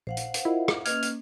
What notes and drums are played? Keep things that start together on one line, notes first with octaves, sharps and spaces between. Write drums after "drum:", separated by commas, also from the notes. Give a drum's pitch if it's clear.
A#1 C5 F5 F#5
drum: hi-hat
drum: hi-hat
E4 F4 A#4 D#5
drum: rim click
A#3 C#4 B4 D#5 F6 G#6, drum: hi-hat
drum: hi-hat